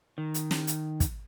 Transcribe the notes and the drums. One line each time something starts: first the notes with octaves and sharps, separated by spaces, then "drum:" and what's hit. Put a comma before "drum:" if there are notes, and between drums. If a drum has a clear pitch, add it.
D#3
drum: hi-hat
drum: snare
drum: hi-hat
drum: kick, hi-hat